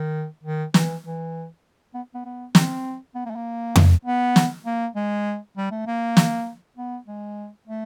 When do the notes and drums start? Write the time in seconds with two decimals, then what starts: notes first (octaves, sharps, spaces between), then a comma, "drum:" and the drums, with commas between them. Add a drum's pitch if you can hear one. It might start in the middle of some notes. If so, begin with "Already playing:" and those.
Already playing: D#3
0.44 D#3
0.74 E3, drum: snare
1.04 E3
1.94 B3
2.15 B3
2.25 B3
2.55 C4, drum: snare
3.15 B3
3.26 A#3
3.31 A3
3.36 A#3
3.76 drum: tom F2
4.05 B3
4.36 drum: snare
4.66 A#3
4.95 G#3
5.57 G3
5.71 A3
5.87 A#3
6.17 drum: snare
6.77 B3
7.06 G#3
7.68 A3